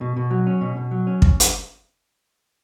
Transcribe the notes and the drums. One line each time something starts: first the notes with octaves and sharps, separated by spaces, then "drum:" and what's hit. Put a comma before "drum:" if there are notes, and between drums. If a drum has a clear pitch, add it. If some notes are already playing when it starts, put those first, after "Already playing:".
B2
B2
F#3
C#4
B2
B2
F#3
C#4
drum: kick
drum: hi-hat